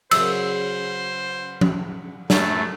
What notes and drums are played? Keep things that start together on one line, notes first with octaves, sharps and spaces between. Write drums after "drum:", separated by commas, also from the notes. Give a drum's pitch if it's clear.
F#2 C#3 C5 E6, drum: cymbal
drum: tom F3
F#2 A3, drum: snare